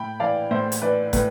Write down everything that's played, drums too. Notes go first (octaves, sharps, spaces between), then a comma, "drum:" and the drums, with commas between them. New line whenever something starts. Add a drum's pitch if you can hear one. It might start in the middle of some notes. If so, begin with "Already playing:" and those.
Already playing: A2 G5 B5
E3 D5 F5
A2 C5 E5
drum: hi-hat
E3 B4 D5
A2 B4, drum: kick, hi-hat